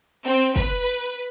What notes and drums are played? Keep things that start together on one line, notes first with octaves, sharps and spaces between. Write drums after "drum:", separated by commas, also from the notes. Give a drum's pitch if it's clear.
C4
B4, drum: kick